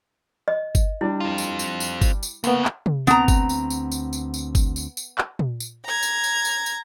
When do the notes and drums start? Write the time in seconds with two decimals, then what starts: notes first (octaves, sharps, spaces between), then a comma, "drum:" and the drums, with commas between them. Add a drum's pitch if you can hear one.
0.48 D#5
0.75 drum: kick G1, tambourine
1.01 G3 D4 E4
1.20 C4 F4
1.38 drum: tambourine
1.59 drum: tambourine
1.80 drum: tambourine
2.01 drum: kick G1, tambourine
2.23 drum: tambourine
2.44 D2 C#3 A#3 B3, drum: tambourine
2.65 drum: clap
2.86 drum: tom C3
3.07 D2 B3 C4 A#5, drum: tambourine
3.28 drum: kick G1, tambourine
3.49 drum: tambourine
3.70 drum: tambourine
3.92 drum: tambourine
4.13 drum: tambourine
4.34 drum: tambourine
4.55 drum: kick G1, tambourine
4.76 drum: tambourine
4.97 drum: tambourine
5.18 drum: clap
5.39 drum: tom A#2
5.60 drum: tambourine
5.85 A#5 G#6
6.03 drum: tambourine
6.24 drum: tambourine
6.45 drum: tambourine
6.66 drum: tambourine